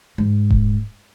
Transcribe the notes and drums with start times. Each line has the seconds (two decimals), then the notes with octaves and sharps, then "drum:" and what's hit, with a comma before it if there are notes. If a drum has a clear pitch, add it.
0.18 G#2
0.50 drum: kick D#1